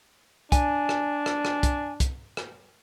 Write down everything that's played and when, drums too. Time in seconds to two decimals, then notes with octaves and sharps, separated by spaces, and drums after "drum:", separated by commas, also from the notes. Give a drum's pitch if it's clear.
0.52 D4 G#5, drum: kick, hi-hat
0.89 drum: rim click
1.26 drum: rim click
1.45 drum: rim click
1.63 drum: kick, hi-hat
2.00 drum: kick, hi-hat
2.37 drum: rim click